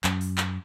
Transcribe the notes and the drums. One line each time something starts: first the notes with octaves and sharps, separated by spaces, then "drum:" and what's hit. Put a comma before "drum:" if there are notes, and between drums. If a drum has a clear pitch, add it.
F#2, drum: clap
drum: open hi-hat
drum: clap